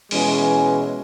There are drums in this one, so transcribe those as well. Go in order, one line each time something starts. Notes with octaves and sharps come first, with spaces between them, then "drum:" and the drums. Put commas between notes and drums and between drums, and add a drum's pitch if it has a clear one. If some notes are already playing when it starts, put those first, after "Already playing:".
B2 E3 G#3 C#4, drum: open hi-hat